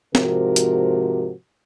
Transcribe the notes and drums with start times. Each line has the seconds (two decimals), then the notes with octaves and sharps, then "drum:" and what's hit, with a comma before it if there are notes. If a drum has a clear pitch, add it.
0.15 G#2 C3 F3 F#4 G4 A#4, drum: snare
0.56 drum: hi-hat